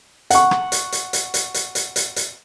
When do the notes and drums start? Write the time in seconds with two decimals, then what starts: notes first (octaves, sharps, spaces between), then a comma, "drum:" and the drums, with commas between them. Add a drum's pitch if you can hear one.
0.30 F#5 C#6, drum: hi-hat
0.51 drum: rim click
0.72 drum: hi-hat
0.92 drum: hi-hat
1.13 drum: hi-hat
1.34 drum: hi-hat
1.54 drum: hi-hat
1.75 drum: hi-hat
1.96 drum: hi-hat
2.16 drum: hi-hat